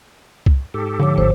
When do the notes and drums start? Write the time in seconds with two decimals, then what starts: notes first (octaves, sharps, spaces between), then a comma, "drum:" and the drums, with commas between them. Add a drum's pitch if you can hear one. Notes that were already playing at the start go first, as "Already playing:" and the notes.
0.46 drum: kick C#2
0.74 G#2 G4 A4
0.99 D3 F3 C#5 D6
1.18 G#1 F3 C5